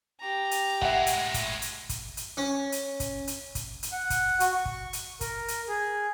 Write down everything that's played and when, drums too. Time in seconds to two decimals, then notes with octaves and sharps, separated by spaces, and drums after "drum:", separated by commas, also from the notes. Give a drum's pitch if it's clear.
0.20 G4 A#5
0.51 drum: hi-hat
0.82 A2 G#3 E5 F#5, drum: kick
1.07 drum: hi-hat
1.34 drum: kick, hi-hat
1.62 drum: hi-hat
1.89 drum: kick, hi-hat
2.17 drum: hi-hat
2.37 C#4
2.72 drum: hi-hat
3.00 drum: kick, hi-hat
3.27 drum: hi-hat
3.55 drum: kick, hi-hat
3.83 drum: hi-hat
3.92 F#5
4.10 drum: kick, hi-hat
4.40 F#4, drum: hi-hat
4.55 C#6
4.65 drum: kick
4.93 drum: hi-hat
5.21 A#4, drum: kick, hi-hat
5.48 drum: hi-hat
5.68 G#4